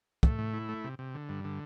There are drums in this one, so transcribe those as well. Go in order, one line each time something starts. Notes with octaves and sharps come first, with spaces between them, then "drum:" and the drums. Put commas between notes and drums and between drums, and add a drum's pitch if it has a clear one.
A3, drum: kick
A2
E4
A3
C3
C3
D3
G2
D3